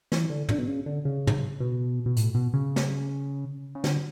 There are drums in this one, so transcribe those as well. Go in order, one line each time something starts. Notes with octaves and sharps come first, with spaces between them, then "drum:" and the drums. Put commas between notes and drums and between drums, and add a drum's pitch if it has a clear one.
E3, drum: snare
D3
D3, drum: tom
B2
C#3
D3
C#3
drum: tom
B2
B2
A2, drum: hi-hat
B2
C#3
drum: snare
C#3
D3, drum: snare